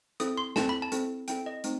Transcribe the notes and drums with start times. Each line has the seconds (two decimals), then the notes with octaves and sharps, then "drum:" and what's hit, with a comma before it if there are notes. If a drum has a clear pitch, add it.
0.20 C4 E4 A4 D#6, drum: hi-hat
0.38 C6
0.56 C4 E4 A4 A5, drum: snare
0.69 B5
0.82 A5
0.92 C4 E4 A4, drum: hi-hat
1.28 C4 E4 A4 G5, drum: hi-hat
1.46 D#5
1.64 A3 C4 D#4, drum: hi-hat